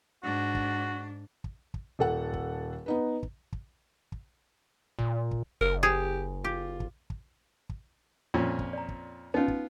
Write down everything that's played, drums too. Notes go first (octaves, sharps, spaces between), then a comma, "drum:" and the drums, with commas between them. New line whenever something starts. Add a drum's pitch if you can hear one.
G#2 D4 F#4
drum: kick
drum: kick
drum: kick
D#1 A4 F#5
drum: kick
B3 D#4 B4
drum: kick
drum: kick
drum: kick
A#2, drum: kick
drum: kick
F#1 A#4
G4 G#4
F4 G4
drum: kick
drum: kick
drum: kick
F2 A#2 C#4
drum: kick
D5 A#5
drum: kick
B3 C#4 D#4 F4
drum: kick